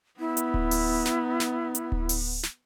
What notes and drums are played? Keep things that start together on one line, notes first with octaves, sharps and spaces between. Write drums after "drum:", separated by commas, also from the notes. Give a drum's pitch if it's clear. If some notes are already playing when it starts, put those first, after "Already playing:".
B3 E4
drum: hi-hat
drum: kick D1
drum: open hi-hat
drum: snare
drum: snare
drum: hi-hat
drum: kick D1
drum: open hi-hat
drum: snare